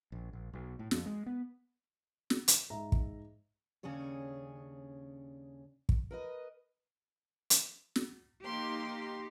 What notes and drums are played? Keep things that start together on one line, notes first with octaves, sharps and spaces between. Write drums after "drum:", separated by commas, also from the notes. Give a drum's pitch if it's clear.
A#1
A#1
B1
A2
F2, drum: snare
G#3
B3
drum: snare
drum: hi-hat
G#2 E5 A#5
drum: kick
D#2 C#3 C#4 D4 G#4 C#5
drum: kick
A#4 B4 D#5
drum: hi-hat
drum: snare
A#3 D#4 G4 C6